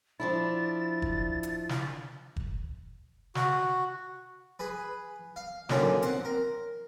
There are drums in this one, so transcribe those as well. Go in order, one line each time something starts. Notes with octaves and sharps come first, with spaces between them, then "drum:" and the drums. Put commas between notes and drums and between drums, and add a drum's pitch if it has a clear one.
F3 D4 E4 A6
drum: kick
drum: hi-hat
drum: snare
drum: kick
F#4, drum: snare
G#4 B4
F5
A#2 D3 D#3 F#3 C#4, drum: snare
C4 F#5, drum: hi-hat
A#4